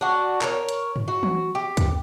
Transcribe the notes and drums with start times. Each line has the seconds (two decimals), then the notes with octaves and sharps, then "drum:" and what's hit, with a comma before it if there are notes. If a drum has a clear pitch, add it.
0.01 D4 F#4
0.41 A#4 C#5, drum: clap
0.69 drum: hi-hat
0.96 drum: tom G2
1.08 F#4
1.23 drum: tom E3
1.55 G4
1.77 drum: kick, hi-hat